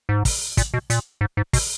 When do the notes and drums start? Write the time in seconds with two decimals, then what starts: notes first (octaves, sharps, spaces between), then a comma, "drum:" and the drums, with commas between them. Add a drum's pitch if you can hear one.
0.09 G#2
0.25 drum: kick, open hi-hat
0.57 A#2, drum: kick, hi-hat
0.74 B2
0.90 A#2, drum: hi-hat
1.21 G#2
1.37 G#2
1.53 B2, drum: kick, open hi-hat